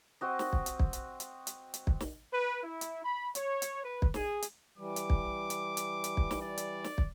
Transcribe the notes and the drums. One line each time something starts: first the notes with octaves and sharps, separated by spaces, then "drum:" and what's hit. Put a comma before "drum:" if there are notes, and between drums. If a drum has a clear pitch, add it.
C4 F#4 D#5
drum: snare
drum: kick
drum: hi-hat
drum: kick
drum: hi-hat
drum: hi-hat
drum: hi-hat
drum: hi-hat
drum: kick
drum: snare
B4
E4
drum: hi-hat
B5
C#5, drum: hi-hat
drum: hi-hat
B4
drum: kick
G#4, drum: snare
drum: hi-hat
E3 G3 D6
drum: hi-hat
drum: kick
drum: hi-hat
drum: hi-hat
drum: hi-hat
drum: kick
drum: snare
D5
drum: hi-hat
drum: snare
drum: kick